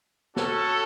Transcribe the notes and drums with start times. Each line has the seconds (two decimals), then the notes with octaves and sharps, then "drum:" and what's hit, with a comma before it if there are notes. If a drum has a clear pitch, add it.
0.36 C#4 F#4 A4, drum: snare